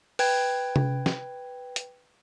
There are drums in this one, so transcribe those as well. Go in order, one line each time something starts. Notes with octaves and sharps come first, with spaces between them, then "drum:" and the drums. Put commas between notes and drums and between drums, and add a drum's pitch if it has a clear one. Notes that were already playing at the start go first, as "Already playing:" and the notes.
B4 G5 G#6, drum: open hi-hat
drum: tom C3
drum: snare
drum: hi-hat